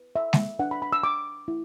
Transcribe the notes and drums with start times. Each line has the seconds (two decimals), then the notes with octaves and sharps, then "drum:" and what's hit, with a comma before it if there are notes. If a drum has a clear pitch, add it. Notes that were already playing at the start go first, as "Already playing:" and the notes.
Already playing: B4
0.16 E5
0.33 drum: snare
0.59 D4 B4 F#5
0.71 B5
0.82 B5
0.93 E6
1.04 D6
1.48 E4